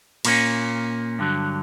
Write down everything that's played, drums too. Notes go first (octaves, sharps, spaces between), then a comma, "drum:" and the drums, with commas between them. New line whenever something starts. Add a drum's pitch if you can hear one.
A#2 A#3 C#4, drum: cymbal
G2 D3 F#3